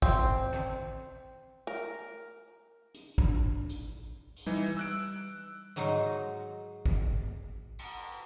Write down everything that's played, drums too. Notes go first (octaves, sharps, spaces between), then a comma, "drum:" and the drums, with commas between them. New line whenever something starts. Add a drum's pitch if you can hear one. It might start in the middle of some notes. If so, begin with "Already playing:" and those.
C4, drum: kick
drum: tom
A#4
drum: hi-hat
D4, drum: kick
drum: hi-hat
drum: open hi-hat
E3 G3 D#4
E6 F#6 D7
G#2 F#3 D#4 F#4 C6
drum: kick
drum: cymbal